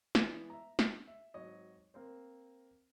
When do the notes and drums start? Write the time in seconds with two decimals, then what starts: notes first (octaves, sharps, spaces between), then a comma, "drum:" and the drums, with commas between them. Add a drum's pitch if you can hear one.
0.15 E3 G#3 B3 E4 D5, drum: snare
0.50 E5 A#5
0.79 drum: snare
1.07 E5
1.34 G#1 F#3 C#5 D#5
1.94 A#3 C4 C5